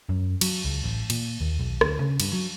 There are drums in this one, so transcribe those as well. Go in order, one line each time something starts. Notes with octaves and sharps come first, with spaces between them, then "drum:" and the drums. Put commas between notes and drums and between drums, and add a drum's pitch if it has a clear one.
F#2
F#3, drum: cymbal
C#2
A1
A#2, drum: cymbal
D#2
B1
D2, drum: rim click
C#3
G2, drum: cymbal
F#3